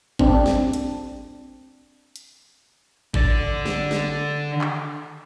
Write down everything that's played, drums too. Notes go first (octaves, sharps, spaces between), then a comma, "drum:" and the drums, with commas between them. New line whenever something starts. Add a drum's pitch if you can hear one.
C4 D4, drum: kick G#1
drum: snare
drum: hi-hat
drum: hi-hat
D3 D5, drum: kick G#1
drum: snare
drum: snare
drum: clap